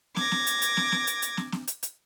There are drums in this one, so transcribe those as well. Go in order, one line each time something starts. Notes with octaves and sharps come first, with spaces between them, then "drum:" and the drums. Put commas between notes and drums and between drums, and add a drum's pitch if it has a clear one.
D6 G#6 A#6, drum: snare
drum: snare
drum: hi-hat
drum: hi-hat
drum: snare
drum: snare
drum: hi-hat
drum: hi-hat
drum: snare
drum: snare
drum: hi-hat
drum: hi-hat